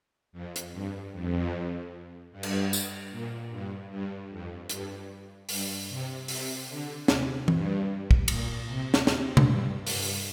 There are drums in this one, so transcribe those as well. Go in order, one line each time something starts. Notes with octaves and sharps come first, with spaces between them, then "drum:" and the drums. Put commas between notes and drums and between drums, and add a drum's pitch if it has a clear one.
F2
drum: hi-hat
G2
F2
G2
drum: cymbal
drum: tambourine
A#2
G2
G2
F2
G2, drum: hi-hat
G2, drum: open hi-hat
C3
C3, drum: open hi-hat
D3
C3, drum: snare
G2, drum: tom E3
drum: kick
A#2, drum: cymbal
C3
drum: snare
C3, drum: snare
drum: tom C3
G2
G2, drum: open hi-hat
drum: open hi-hat